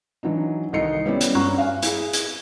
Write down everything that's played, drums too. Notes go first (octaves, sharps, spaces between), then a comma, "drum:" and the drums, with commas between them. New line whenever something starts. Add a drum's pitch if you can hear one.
E3 F#3 D4 D#4
C2 D#3 A4 D#5 C7 C#7
G3 B3 C#4 E4 D5
drum: hi-hat
G2 C#4 F#4 A#5 C#6 F#6
F5 G#5
E4 G#4, drum: hi-hat
drum: hi-hat